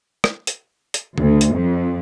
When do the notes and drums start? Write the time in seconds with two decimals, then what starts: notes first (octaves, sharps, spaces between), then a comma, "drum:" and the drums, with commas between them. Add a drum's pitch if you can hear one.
0.24 drum: rim click
0.47 drum: hi-hat
0.94 drum: hi-hat
1.18 D2, drum: tom C#3
1.41 drum: hi-hat
1.55 F2